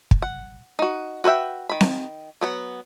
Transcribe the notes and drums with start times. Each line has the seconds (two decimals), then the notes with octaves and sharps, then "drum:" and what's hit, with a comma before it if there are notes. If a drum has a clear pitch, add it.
0.11 drum: kick
0.22 F#5
0.79 D#4 F#4
1.24 F#4 B4 C5 E5 G5
1.69 D#3 B5
1.81 drum: snare C4
2.41 F#3 B3 F#5